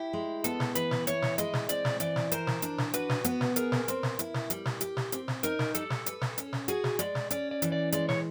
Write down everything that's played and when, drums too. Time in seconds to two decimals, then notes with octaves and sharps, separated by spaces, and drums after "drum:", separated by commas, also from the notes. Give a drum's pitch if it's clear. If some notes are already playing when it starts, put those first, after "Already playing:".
Already playing: E4 G4
0.13 G#3
0.44 B3 A4, drum: hi-hat
0.60 drum: snare
0.75 E3 B4, drum: hi-hat
0.91 drum: snare
1.07 E4 C#5, drum: hi-hat
1.22 drum: snare
1.38 G#3 D#5, drum: hi-hat
1.53 drum: snare
1.69 C4 D5, drum: hi-hat
1.85 drum: snare
2.00 E3 D5, drum: hi-hat
2.16 drum: snare
2.32 A#4 C5, drum: hi-hat
2.47 drum: snare
2.62 D4, drum: hi-hat
2.78 drum: snare
2.93 F#4 B4, drum: hi-hat
3.09 drum: snare
3.24 B3, drum: hi-hat
3.41 drum: snare
3.56 G#4 A#4, drum: hi-hat
3.72 drum: snare
3.88 C4, drum: hi-hat
4.03 drum: snare
4.19 E4, drum: hi-hat
4.34 drum: snare
4.50 G3, drum: hi-hat
4.65 drum: snare
4.81 G4, drum: hi-hat
4.97 drum: snare
5.12 C4, drum: hi-hat
5.28 drum: snare
5.43 D#4 A#4, drum: hi-hat
5.59 drum: snare
5.75 G3 A4, drum: hi-hat
5.90 drum: snare
6.06 B4, drum: hi-hat
6.21 drum: snare
6.38 C#4, drum: hi-hat
6.53 drum: snare
6.68 F#4 G#4, drum: hi-hat
6.84 drum: snare
6.99 G#3 D5, drum: hi-hat
7.15 drum: snare
7.30 C#4 D5, drum: hi-hat
7.51 D5
7.62 E3, drum: hi-hat
7.72 D5
7.92 G#3 D5, drum: hi-hat
8.09 C#5, drum: snare